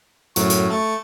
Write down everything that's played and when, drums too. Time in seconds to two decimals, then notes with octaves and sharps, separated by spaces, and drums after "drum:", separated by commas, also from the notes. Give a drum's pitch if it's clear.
0.36 F#2 A2 F#3 C#6, drum: hi-hat
0.50 drum: hi-hat
0.70 A3 A6 C#7